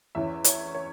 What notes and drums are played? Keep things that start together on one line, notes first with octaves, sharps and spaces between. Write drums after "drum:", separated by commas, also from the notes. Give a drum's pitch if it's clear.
E2 E3 C#4 E5
C#5, drum: hi-hat
C#5